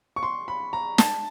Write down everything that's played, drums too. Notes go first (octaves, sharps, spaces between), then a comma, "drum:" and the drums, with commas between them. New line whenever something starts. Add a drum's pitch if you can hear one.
C#6
C6
B5
A#5
A5, drum: snare